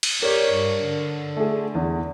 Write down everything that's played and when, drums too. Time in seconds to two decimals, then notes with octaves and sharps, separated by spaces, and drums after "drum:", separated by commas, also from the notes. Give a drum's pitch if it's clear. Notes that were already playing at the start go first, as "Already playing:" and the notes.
0.03 drum: cymbal
0.22 G4 A#4 C#5 D5
0.53 G2
0.86 D3
1.36 A3 G#4
1.75 E2